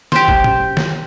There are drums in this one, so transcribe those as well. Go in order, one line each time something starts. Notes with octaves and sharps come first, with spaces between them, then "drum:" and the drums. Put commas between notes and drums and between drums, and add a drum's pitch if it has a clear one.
G4 C5, drum: snare D#3
drum: kick
drum: tom A#2
drum: snare D#3